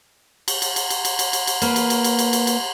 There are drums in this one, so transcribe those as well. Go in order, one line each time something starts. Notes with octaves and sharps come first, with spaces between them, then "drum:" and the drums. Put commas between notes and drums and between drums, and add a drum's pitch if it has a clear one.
drum: cymbal
drum: cymbal
drum: cymbal
drum: cymbal
drum: cymbal
drum: cymbal
drum: cymbal
drum: cymbal
A#3 A#4 B4, drum: cymbal
drum: cymbal
drum: cymbal
drum: cymbal
drum: cymbal
drum: cymbal
drum: cymbal